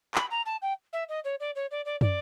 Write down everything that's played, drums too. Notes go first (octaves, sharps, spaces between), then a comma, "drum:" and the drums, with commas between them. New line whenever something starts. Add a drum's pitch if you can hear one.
B5, drum: clap
A#5
A5
G5
E5
D#5
C#5
D5
C#5
D5
D5
D5, drum: tom